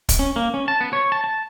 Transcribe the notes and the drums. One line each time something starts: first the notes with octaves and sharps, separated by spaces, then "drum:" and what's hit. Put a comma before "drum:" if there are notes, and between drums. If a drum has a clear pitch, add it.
drum: kick, hi-hat
C#4
A#3
C#4
A5
B3
C#5
A5
A5